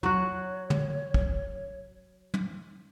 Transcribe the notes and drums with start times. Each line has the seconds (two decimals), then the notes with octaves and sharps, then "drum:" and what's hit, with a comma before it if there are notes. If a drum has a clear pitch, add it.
0.03 F#3 F#4 C#5, drum: tom
0.70 drum: tom
1.14 drum: kick
2.34 drum: tom